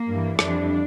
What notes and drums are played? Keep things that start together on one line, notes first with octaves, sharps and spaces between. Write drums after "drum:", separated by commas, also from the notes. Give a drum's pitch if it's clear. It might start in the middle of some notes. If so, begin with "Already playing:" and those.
Already playing: A#3
G2 E3 G3
F2 E3 G3 D4, drum: rim click